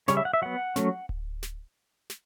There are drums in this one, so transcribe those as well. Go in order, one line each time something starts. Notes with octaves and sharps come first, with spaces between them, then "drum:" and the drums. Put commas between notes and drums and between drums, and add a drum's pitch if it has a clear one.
C#3 G3 C#4 C#5, drum: snare
E5
F#5
E5
F#3 B3 F#5
F#3 A3 C#4, drum: snare
drum: kick D1
drum: snare
drum: snare